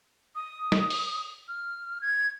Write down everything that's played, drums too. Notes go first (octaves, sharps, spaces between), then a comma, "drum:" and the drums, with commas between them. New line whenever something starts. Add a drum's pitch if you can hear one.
D#6
drum: snare
drum: open hi-hat
F6
G#6